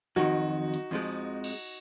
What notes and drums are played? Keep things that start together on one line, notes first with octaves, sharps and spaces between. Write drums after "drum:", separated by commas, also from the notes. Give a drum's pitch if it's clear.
F2 D#3 F#3 D#4 F#4
drum: hi-hat
F2 F3 G#3
drum: cymbal